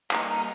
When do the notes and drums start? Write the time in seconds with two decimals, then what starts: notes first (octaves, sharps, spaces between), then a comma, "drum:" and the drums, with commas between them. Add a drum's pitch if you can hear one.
0.11 G3 A#3 D#4 A#5, drum: clap
0.28 A#5